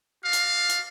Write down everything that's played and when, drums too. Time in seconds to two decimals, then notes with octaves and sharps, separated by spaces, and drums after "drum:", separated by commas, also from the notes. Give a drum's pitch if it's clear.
0.24 F#4 D5 F5
0.33 drum: hi-hat
0.70 drum: hi-hat